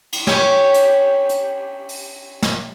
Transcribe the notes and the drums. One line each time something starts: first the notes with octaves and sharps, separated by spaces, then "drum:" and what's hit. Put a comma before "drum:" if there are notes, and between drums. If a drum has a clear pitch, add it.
drum: cymbal
C#4 G4 C#5, drum: snare
drum: hi-hat
drum: hi-hat
drum: open hi-hat
drum: snare